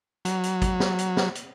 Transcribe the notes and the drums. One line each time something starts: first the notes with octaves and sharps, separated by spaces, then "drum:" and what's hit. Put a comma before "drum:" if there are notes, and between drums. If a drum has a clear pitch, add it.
F#3, drum: hi-hat
drum: hi-hat
drum: kick, hi-hat
drum: snare
drum: hi-hat
drum: snare
drum: hi-hat